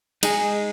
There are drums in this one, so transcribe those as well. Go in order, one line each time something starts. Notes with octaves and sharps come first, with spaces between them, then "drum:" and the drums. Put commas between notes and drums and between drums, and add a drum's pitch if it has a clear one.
G#3 D#4 G#4, drum: cymbal